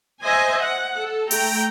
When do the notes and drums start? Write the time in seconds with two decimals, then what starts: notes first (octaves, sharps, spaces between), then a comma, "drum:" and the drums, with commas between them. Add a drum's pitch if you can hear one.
0.23 C5 D#5 E5 G#5
0.61 F#5
1.00 A4
1.31 A3 G5 A#5, drum: open hi-hat